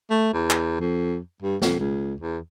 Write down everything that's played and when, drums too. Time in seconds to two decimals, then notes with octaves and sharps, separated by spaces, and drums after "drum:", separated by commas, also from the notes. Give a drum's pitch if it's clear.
0.10 A3
0.33 E2
0.50 drum: clap
0.80 F2
1.42 G2
1.62 F2, drum: snare
1.79 C#2
2.21 E2